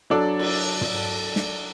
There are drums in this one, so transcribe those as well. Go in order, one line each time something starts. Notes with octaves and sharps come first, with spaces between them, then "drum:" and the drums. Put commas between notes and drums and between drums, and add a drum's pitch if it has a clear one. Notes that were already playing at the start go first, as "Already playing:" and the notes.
F#3 D4 A4 D5
drum: cymbal
drum: tom
drum: snare